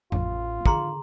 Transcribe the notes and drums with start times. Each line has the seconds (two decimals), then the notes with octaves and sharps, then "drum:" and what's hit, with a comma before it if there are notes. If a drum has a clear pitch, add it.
0.12 A1 F4, drum: tom F2
0.66 D3 D#3 G#4 A#5 C6, drum: kick